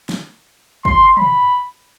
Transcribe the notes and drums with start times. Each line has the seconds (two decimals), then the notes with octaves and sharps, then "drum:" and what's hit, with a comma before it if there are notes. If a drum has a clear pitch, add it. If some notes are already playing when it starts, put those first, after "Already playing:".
0.09 drum: snare
0.85 C6, drum: kick
1.17 B5, drum: tom